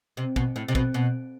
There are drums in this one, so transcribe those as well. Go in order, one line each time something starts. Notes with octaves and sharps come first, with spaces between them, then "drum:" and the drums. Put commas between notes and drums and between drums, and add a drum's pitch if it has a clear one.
C3
B2, drum: kick
A2
C3
B2, drum: kick
B2